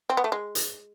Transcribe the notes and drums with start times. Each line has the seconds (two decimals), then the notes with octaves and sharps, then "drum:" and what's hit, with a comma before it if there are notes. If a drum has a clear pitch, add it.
0.10 C4
0.17 B3
0.24 A3
0.32 G#3
0.55 drum: hi-hat